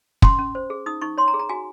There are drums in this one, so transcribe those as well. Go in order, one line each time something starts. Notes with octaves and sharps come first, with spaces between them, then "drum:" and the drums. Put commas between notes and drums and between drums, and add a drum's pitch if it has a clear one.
C#4 C6, drum: kick
C#4
C5
G#4
D#4 D#6
D#4 C#6
C#5 C6
A#5
G#4
A#5
F#4 G#5